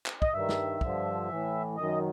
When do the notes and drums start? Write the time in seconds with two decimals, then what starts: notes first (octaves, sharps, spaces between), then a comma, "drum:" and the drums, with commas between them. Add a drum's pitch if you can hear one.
0.06 drum: clap
0.22 D#5, drum: kick
0.33 G2 D#3 E5
0.49 drum: snare
0.81 G2 D3 F3, drum: kick
1.29 A2 E3
1.77 F#2 D#3 D#5